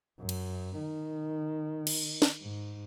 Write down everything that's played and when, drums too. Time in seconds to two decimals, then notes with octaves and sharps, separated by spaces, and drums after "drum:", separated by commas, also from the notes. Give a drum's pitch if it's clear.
0.20 F#2
0.29 drum: cymbal
0.79 D#3
1.87 drum: cymbal
2.22 drum: snare
2.41 G#2